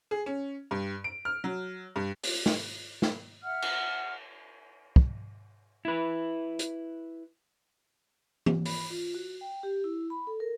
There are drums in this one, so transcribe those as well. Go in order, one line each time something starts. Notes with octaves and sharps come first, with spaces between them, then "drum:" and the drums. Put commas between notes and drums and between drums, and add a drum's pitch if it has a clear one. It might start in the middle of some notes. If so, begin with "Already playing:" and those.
G#4
C#4
G2
D7
F6
F#3
G2
drum: open hi-hat
drum: snare
drum: snare
E5 F#5 F6
drum: cymbal
drum: kick
E4 B4
drum: hi-hat
drum: tom E3
B5, drum: open hi-hat
F4
F#4
G5
G4
E4
B5
A4
A#4